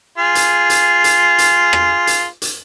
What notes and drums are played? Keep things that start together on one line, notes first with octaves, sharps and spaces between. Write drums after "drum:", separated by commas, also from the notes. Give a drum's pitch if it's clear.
F4 G#4
drum: hi-hat
drum: hi-hat
drum: hi-hat
drum: hi-hat
drum: rim click
drum: hi-hat
drum: hi-hat